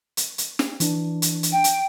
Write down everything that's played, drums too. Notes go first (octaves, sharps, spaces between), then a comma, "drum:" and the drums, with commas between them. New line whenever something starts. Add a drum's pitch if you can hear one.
drum: hi-hat
drum: hi-hat
drum: snare
E3 D4, drum: hi-hat
drum: hi-hat
drum: hi-hat
G5
drum: hi-hat